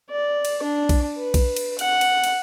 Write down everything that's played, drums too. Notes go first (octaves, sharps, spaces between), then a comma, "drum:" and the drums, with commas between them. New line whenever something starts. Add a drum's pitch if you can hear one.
D5
drum: cymbal
D4
drum: kick B1, cymbal
B4
drum: kick B1, cymbal
drum: cymbal
F#5, drum: cymbal
drum: cymbal
drum: cymbal